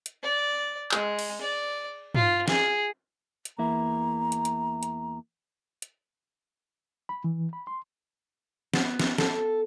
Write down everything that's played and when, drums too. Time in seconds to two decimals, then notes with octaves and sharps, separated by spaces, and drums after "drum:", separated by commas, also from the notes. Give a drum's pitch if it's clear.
0.06 drum: hi-hat
0.23 D5
0.91 G#3, drum: clap
1.19 drum: cymbal
1.41 D5
2.15 F4, drum: tom
2.48 G#4, drum: snare
3.45 drum: hi-hat
3.58 E2 A#3 E4 A#5
4.32 drum: hi-hat
4.45 drum: hi-hat
4.83 drum: hi-hat
5.82 drum: hi-hat
7.09 B5
7.24 E3
7.53 B5
7.67 C6
8.74 B3, drum: snare
9.00 drum: snare
9.18 A4, drum: snare